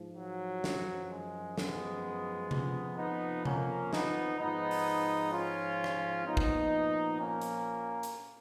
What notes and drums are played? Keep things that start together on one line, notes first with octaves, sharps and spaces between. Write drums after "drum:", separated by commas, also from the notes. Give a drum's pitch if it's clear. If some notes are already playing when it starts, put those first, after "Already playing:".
Already playing: G#2 F3
F#3
F#2 F3, drum: snare
G#3
G#3 B3, drum: snare
F2 F3, drum: tom C3
B3 D#4
A#3 C#4, drum: tom C3
B3 D#4, drum: snare
G#2 F3 B3 D#4
drum: open hi-hat
C#4 F4
drum: rim click
A#2 F3 B3 D#4
drum: kick
A#3 C#4
drum: hi-hat
drum: hi-hat